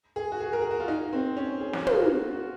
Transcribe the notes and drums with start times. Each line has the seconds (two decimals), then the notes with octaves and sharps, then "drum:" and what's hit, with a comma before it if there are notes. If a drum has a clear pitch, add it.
0.16 G#4
0.32 F#4
0.40 G#4
0.53 A#4
0.62 G#4
0.71 F#4
0.80 F4
0.88 D#4
1.13 C4
1.37 C#4
1.61 G#4
1.73 F#4, drum: snare
1.87 F4, drum: tom
2.00 F#4
2.33 F#4